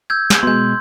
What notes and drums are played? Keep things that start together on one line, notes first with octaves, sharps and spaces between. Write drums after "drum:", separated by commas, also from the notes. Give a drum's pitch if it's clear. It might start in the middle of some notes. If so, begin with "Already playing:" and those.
E6 G6 G#6
drum: snare
B2 G#3 C6 G6